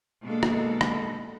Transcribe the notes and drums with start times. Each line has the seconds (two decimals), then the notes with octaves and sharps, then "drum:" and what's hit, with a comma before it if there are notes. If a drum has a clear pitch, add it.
0.24 B2 G#3 A#3 D4 A4
0.43 drum: rim click
0.81 drum: rim click